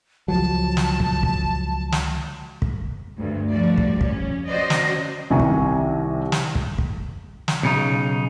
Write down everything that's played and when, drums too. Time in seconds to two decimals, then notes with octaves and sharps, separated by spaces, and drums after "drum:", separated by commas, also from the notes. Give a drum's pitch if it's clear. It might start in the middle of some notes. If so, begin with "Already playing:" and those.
0.28 C#2 F3 F#3 A5
0.77 drum: snare
1.00 drum: kick
1.23 drum: kick
1.92 drum: snare
2.62 drum: kick
3.18 D2 G2
3.51 D2 F3 G3 F#4 D5
3.78 drum: kick
4.01 C#4, drum: kick
4.48 C#4 F#4 C5 D5 D#5
4.70 drum: snare
5.30 C2 C3 D#3 G#5 A#5 C#6
5.40 drum: kick
6.32 drum: snare
6.55 drum: kick
6.78 drum: kick
7.48 drum: snare
7.63 B1 C#3 D#4